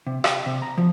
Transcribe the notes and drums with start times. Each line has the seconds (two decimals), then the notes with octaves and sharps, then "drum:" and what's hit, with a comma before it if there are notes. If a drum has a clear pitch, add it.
0.07 C3
0.24 G4, drum: rim click
0.46 C3
0.62 A#5
0.78 F3